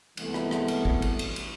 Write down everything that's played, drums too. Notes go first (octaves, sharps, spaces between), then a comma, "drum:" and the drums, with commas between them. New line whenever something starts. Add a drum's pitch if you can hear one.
C2 E3 G#3 A3 B3, drum: cymbal
drum: rim click
drum: rim click
drum: cymbal
drum: kick
drum: cymbal
drum: cymbal
drum: cymbal